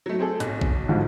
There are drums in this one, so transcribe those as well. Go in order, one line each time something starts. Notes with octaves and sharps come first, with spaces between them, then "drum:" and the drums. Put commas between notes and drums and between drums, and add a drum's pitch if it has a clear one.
F#3 A3
C4 G#4 A4
B1, drum: hi-hat
drum: kick
D2 G#2 F3